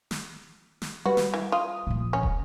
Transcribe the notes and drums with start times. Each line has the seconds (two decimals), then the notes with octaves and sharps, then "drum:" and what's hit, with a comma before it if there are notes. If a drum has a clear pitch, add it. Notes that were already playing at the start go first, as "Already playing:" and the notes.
0.11 drum: snare
0.82 drum: snare
1.06 G3 F#4 B4
1.17 drum: snare
1.34 E3
1.52 F4 D#6
1.87 A#2 F3
2.13 C#4
2.23 drum: kick